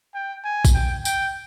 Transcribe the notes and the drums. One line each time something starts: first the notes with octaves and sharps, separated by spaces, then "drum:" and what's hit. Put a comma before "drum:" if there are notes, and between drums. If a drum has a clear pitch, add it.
G5
G#5
drum: kick, tambourine
G5
G5, drum: tambourine